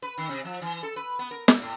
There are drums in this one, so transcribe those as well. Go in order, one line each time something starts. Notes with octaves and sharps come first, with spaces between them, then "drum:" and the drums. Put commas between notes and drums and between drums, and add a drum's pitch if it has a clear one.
B4
D#3
C3
F3
E3
A4
B4
B3
A#4
E5, drum: snare
A2